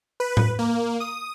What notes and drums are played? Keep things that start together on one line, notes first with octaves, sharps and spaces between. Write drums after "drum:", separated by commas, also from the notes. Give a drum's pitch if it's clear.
B4
drum: tom A2
A#3
D#6